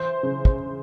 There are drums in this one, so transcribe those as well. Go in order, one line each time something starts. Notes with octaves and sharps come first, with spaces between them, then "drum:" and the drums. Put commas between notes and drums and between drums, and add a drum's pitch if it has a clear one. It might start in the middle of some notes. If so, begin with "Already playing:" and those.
Already playing: E3 C5
C#3
drum: kick